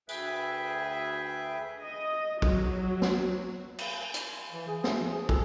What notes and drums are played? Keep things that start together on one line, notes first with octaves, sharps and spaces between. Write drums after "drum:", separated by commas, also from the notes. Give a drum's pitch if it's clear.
D2 G#4 B4 E5 G5, drum: tambourine
D#5
F#3, drum: kick
drum: snare
drum: cymbal
drum: hi-hat
E3
G#4
A3, drum: snare
F3
G#4
A4, drum: kick